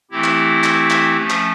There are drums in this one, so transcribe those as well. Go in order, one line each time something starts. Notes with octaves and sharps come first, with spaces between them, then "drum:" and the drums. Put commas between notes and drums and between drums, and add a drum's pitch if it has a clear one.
E3 A3 C4 E4 G4
drum: clap
drum: clap
drum: clap
F3 A3 C#4
drum: clap